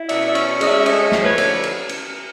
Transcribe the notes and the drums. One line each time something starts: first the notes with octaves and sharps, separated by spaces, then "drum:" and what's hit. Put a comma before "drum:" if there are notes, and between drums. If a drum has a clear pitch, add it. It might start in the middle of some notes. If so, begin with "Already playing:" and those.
Already playing: E4
B2 D5 E5, drum: cymbal
D5 E5
C#4, drum: cymbal
G#3 D#5, drum: cymbal
D5 E5
E5
A3 C#5 D#5, drum: cymbal
F3, drum: snare
B4 C#5
D3, drum: cymbal
drum: cymbal
drum: cymbal